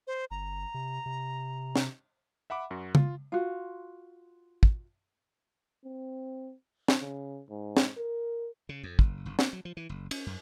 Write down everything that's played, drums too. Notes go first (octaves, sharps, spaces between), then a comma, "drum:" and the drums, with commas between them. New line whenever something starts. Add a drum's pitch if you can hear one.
C5
G1 A#5
C3
C3
drum: snare
E5 F#5 B5 D6
F#2 F#4
F4, drum: tom C#3
F4 F#4
drum: kick
C4
drum: snare
C#3
G#2
drum: snare
A#4
C#3
F2
F#1, drum: kick
F#1
B3, drum: snare
F#3
F3
E3
F#1
C#4, drum: cymbal
F#2